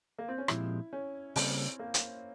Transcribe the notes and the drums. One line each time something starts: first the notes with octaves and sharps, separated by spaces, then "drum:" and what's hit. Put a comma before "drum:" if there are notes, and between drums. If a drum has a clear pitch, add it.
A#3
C4
C#4
A#2 F3 G#3 C4 E4 G4, drum: rim click
C#4
C#3 G3 A#3 C4, drum: open hi-hat
A#3
drum: hi-hat